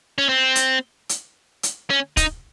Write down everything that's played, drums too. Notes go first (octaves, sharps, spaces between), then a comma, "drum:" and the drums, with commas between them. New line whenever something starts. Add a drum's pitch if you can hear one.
C#4
C4
drum: hi-hat
drum: hi-hat
drum: hi-hat
C#4
D#4, drum: kick, hi-hat